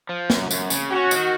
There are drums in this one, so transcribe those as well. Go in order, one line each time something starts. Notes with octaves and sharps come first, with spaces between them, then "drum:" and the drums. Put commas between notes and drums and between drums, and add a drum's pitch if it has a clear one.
F3
F#2, drum: snare
F#2, drum: tambourine
C#3, drum: tambourine
C#4 F#4
D#3, drum: tambourine